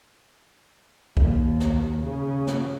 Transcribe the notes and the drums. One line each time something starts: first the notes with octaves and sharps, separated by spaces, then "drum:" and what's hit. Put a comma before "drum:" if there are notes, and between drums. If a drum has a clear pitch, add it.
D#2, drum: kick C2
drum: snare
C#3
drum: snare